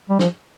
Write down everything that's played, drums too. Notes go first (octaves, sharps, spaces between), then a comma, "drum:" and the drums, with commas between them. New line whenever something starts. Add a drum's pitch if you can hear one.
G3
F3, drum: snare